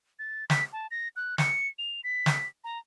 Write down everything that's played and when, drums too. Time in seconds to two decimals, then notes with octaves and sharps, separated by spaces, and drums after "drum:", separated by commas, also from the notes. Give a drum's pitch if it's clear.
0.19 A6
0.50 B6, drum: snare
0.73 A5
0.91 A#6
1.16 F#6
1.38 C#7, drum: snare
1.78 F7
2.04 B6
2.26 drum: snare
2.64 A#5